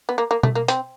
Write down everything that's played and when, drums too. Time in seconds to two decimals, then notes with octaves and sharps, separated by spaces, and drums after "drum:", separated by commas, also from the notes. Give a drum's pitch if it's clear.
0.09 B3
0.18 A#3
0.31 A#3
0.43 A3, drum: tom B2
0.55 A#3
0.68 C4, drum: hi-hat